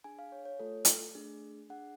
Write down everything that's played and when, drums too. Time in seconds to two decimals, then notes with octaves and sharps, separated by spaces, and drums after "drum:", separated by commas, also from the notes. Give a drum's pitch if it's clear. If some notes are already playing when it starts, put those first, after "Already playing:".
0.04 D4 G#4 G#5
0.19 F5
0.32 C#5
0.45 C#5
0.59 A3 F4 A4
0.85 drum: hi-hat
1.15 A3 D4 G#4
1.69 D4 G#4 F#5